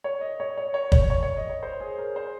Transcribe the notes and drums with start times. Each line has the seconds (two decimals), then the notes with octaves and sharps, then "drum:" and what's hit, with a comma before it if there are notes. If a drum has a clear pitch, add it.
0.04 C#5
0.21 D#5
0.40 C#5
0.58 C#5
0.74 C#5
0.92 C#5, drum: kick
1.10 C#5
1.23 C#5
1.37 D#5
1.50 C#5
1.63 C5
1.80 G#4
1.98 A#4
2.16 C5